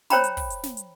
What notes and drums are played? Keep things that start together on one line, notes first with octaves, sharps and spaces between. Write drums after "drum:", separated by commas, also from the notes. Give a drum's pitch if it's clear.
C5 C#5 G5 A#5 B5, drum: snare
drum: hi-hat
drum: kick, open hi-hat
drum: hi-hat
drum: snare
drum: hi-hat